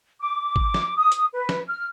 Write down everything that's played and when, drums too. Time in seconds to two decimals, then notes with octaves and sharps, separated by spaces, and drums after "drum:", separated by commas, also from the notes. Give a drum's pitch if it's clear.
0.20 D6
0.56 drum: kick G#1
0.74 drum: snare
0.98 D#6
1.12 drum: hi-hat
1.34 B4
1.49 drum: snare
1.68 F6